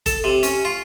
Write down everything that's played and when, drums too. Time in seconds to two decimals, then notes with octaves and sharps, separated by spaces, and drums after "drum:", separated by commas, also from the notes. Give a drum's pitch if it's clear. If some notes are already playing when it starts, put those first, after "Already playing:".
0.06 A4, drum: kick G1, hi-hat
0.24 C3
0.43 C#4, drum: hi-hat
0.65 F4